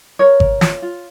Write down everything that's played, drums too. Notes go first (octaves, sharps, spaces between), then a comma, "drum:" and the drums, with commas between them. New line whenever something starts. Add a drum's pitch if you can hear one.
A#4 C#5
A#4, drum: kick G#1
F4, drum: snare
F4